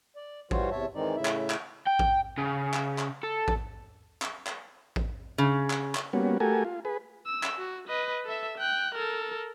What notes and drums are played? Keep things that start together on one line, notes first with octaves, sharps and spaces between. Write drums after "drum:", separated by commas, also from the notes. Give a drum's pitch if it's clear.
D5
E3 G3 F4 F#4 C5 C#5, drum: kick A1
E2 C3 C#5 E5 A5
D#3 E3 G#3 C4 D#4 D5
A2 C#3 E4 E5
drum: clap
drum: clap
G5
drum: kick A1
C#3
drum: clap
drum: clap
A4
drum: kick A1
drum: clap
drum: clap
drum: kick A1
C#3
drum: clap
drum: clap
G3 A#3 B3 C#4 F#4
A3 F#4 G4 A4 A#4 G#5
F4
G#4 B4
E6
drum: clap
F#4
B4 D#5
A4 E5
G5 F#6
A4 A#4